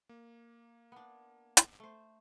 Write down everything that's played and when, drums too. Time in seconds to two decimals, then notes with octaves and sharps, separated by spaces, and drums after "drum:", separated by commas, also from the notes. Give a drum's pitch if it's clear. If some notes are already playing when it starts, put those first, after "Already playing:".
0.09 A#3
0.92 B3 D4
1.57 drum: hi-hat
1.80 A3 C5